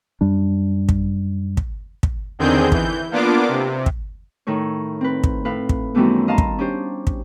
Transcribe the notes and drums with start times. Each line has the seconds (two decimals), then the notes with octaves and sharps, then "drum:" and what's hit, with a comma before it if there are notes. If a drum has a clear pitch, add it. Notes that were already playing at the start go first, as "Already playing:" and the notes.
0.21 F#2 G3 D4
0.89 drum: kick
1.57 drum: kick
2.03 drum: kick
2.39 E2 D3 D#3 C4 G#4 G6
2.72 E3 G6, drum: kick
3.11 A#3 B3 D4 F4 D6
3.49 C3
3.86 drum: kick
4.47 A2 D#3 A3 C#5
5.01 C4 B4
5.24 drum: kick
5.45 A2 B4 F5
5.69 drum: kick
5.95 F#2 D#3 E3 G3 A3 B3
6.28 D#5 F5 A5 A#5 C6
6.38 drum: kick
6.59 C#4 D4 G4 C5
7.07 drum: kick